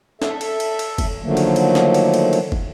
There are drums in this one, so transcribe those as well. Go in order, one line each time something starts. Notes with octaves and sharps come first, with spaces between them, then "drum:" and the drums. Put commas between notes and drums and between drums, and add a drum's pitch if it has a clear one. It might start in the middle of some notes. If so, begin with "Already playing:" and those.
A4 E5, drum: snare
drum: cymbal
drum: cymbal
drum: cymbal
drum: kick, cymbal
D3 D#3 F3 F#3 A3 A#3
drum: cymbal
drum: cymbal
drum: snare
drum: cymbal
drum: cymbal
drum: cymbal
drum: kick